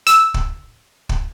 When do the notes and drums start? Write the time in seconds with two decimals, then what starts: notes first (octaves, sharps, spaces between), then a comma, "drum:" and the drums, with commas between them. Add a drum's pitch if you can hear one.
0.07 E6, drum: hi-hat
0.34 drum: kick
1.09 drum: kick